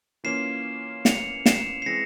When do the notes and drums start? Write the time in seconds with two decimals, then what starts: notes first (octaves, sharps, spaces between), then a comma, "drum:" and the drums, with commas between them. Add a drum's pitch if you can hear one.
0.24 E3 A#3 C#4 F4 C7 E7
1.05 C#7 F7, drum: snare
1.46 C7 E7, drum: snare
1.82 C7
1.86 E3 G#3 C4 E4 A#6 C#7